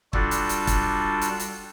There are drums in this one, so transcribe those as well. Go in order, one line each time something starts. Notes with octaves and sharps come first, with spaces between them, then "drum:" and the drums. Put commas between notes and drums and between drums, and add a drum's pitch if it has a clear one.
G3 D4 F4 F#4 A4, drum: kick
drum: hi-hat
drum: hi-hat
drum: kick, hi-hat
drum: hi-hat
drum: hi-hat